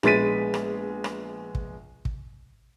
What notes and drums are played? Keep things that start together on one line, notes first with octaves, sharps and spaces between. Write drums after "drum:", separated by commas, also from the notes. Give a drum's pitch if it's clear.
A#1 G#3 B3 A6 B6 D#7, drum: rim click
drum: rim click
drum: rim click
drum: kick
drum: kick